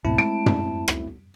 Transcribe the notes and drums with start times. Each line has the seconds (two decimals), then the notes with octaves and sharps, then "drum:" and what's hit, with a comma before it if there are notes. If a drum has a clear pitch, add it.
0.05 C#2 G#2 B2 A3 C4 E4 A5
0.18 G#3 D7
0.46 drum: tom
0.88 drum: rim click